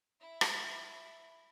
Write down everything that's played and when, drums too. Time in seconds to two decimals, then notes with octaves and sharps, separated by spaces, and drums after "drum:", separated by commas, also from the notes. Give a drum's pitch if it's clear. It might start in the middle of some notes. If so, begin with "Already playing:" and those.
0.21 E4 E5
0.41 drum: rim click